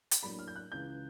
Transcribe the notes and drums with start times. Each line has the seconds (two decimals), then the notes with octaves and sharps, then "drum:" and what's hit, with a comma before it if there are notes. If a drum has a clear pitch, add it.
0.11 drum: hi-hat
0.23 A2 F#3 A#3 D4 B5
0.39 F6
0.48 G6
0.56 F#6
0.72 C#2 C#3 E3 G6